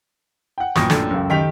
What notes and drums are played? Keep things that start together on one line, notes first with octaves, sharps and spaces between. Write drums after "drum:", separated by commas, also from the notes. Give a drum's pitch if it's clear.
F#5 G5
A1 F#2 A#2 B4 G5 C#6 D#6 A#6, drum: snare
D4 A4, drum: snare
C#2 F#2
D#3 G4 G5 B6 F7